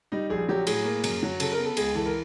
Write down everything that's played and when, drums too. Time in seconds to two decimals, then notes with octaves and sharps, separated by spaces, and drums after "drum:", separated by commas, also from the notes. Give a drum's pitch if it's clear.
0.12 G3 D#4
0.30 A#1 G#4
0.48 F#3 G4
0.67 A2 G#4, drum: cymbal
0.85 A#3
1.04 F#2, drum: cymbal
1.23 F#3
1.40 C#3 A4, drum: cymbal
1.52 A#4
1.59 B3
1.65 A4
1.77 C#2 G#4, drum: cymbal
1.95 E3 A4
2.06 A#4